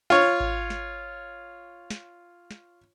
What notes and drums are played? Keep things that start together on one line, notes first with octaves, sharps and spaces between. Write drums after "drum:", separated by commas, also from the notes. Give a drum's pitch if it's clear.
F4 C#5, drum: snare
drum: kick G#1
drum: snare
drum: snare
drum: snare